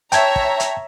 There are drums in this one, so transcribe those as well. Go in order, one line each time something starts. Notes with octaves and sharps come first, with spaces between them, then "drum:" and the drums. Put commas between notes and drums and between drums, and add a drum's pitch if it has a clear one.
C#5 E5 G5 A5 A#5 G#6, drum: hi-hat
drum: kick
drum: hi-hat